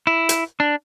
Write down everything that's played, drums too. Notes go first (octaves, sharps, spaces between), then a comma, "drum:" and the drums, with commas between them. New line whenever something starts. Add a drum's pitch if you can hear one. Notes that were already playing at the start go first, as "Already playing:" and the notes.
E4
drum: hi-hat
D4